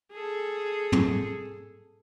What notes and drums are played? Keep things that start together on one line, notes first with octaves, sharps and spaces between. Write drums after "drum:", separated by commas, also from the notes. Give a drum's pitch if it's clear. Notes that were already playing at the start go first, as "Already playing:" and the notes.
G#4 A4
drum: tom